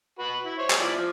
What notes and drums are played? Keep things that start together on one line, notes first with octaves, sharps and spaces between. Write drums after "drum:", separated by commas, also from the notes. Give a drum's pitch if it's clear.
F#4 B4
E4
C5 C#5
drum: clap
F3 E4 D5
F3